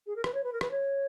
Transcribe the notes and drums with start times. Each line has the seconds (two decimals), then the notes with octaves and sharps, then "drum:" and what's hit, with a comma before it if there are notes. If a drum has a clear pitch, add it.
0.06 G#4
0.16 A#4
0.24 B4, drum: rim click
0.34 C#5
0.43 B4
0.52 A#4
0.61 B4, drum: rim click
0.70 C#5